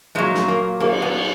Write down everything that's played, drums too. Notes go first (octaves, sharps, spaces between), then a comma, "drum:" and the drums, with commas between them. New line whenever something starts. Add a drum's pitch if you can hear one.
A#2 F#3 G#3
drum: snare
A#3
A#3, drum: cymbal
B3